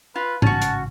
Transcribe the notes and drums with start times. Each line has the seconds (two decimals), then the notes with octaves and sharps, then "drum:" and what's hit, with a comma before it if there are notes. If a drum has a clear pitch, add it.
0.16 F4 B4
0.42 A1 G#2 C#3 C#4 F#4 A5, drum: tom G#2
0.62 drum: hi-hat